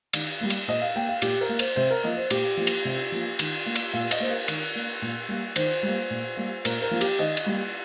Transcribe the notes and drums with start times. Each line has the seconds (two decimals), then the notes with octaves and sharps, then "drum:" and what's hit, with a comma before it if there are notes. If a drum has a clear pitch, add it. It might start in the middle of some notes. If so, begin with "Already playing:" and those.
0.13 D#3, drum: cymbal
0.41 G3 A#3
0.50 drum: cymbal
0.68 A#2 D#5
0.82 F5
0.96 A#3 G5
1.09 F5
1.22 A#2 G4, drum: cymbal
1.41 A#4
1.49 A#3
1.59 C5, drum: cymbal
1.76 C3 C5
1.91 A#4
2.03 F3 A#3 D#5
2.17 C5
2.30 A#2 G4, drum: cymbal
2.57 F3 A#3
2.67 drum: cymbal
2.85 C3
3.12 F3 A#3
3.39 D#3, drum: cymbal
3.66 A#3
3.75 drum: cymbal
3.93 A#2 F5
4.11 D#5, drum: cymbal
4.20 A#3 C5
4.30 A#4
4.48 D#3, drum: cymbal
4.75 A#3
5.02 A#2
5.28 G3 A#3
5.56 D#3 C5, drum: cymbal
5.83 G3
5.88 A#3
6.10 A#2
6.37 G3 A#3
6.65 A#2 A#4, drum: cymbal
6.82 A#4
6.91 F3 A#3
7.01 G4, drum: cymbal
7.19 D#3 D#5
7.37 drum: cymbal
7.46 G3 A#3